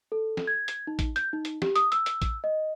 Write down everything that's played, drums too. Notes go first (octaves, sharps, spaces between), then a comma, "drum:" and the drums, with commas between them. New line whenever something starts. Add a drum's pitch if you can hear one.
A4
drum: snare
G#6
drum: hi-hat
D#4
drum: kick A1, hi-hat
G6, drum: hi-hat
D#4
drum: hi-hat
G4, drum: snare
D#6, drum: hi-hat
E6, drum: hi-hat
drum: hi-hat
drum: kick A1, hi-hat
D#5